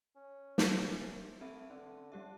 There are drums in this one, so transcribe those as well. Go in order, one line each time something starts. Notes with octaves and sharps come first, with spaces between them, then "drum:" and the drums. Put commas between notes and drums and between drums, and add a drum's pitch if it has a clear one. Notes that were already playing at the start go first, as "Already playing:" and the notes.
C#4
drum: snare
C3 A#4
A3 C4 A4 E5
D3 C#4
G3 D4 G4 E5